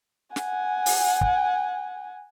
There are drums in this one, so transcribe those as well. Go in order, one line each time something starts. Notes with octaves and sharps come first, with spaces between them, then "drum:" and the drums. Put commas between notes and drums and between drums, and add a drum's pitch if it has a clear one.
F#5 G#5, drum: snare
drum: open hi-hat
drum: kick